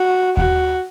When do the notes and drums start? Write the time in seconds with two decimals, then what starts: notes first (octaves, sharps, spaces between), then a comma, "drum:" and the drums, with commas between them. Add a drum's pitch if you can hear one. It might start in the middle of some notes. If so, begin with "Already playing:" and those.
Already playing: F#4
0.37 F#4, drum: kick D#2